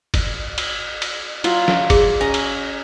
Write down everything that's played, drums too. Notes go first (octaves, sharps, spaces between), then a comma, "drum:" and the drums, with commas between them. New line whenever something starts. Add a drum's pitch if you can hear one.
drum: kick, cymbal
drum: cymbal
drum: cymbal
F#3 F4, drum: cymbal
drum: snare
G#4, drum: kick, cymbal
C#4 D#5 A#5
drum: cymbal